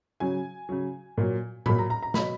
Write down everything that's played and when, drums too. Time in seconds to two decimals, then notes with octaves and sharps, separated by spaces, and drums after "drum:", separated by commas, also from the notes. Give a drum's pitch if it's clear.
0.20 C#3 F#3 G#5
0.69 C#3 F#3
1.18 A#2 F#3
1.66 A#2 F#3 B5, drum: tom A2
1.79 A#5
1.90 A#5
2.03 A#5
2.14 B2 F#3 B5, drum: snare